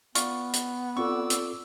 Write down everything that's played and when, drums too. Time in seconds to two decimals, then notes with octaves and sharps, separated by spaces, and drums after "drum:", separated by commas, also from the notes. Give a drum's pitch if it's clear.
0.15 B3 F4 D5 C#6, drum: hi-hat
0.53 drum: hi-hat
0.97 C4 F4 A4 D5 C#6 E6
1.30 drum: hi-hat